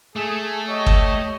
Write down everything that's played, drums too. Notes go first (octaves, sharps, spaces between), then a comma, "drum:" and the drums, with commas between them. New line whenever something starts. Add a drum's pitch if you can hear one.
A3 G#4
G4 C#5 D#5
drum: kick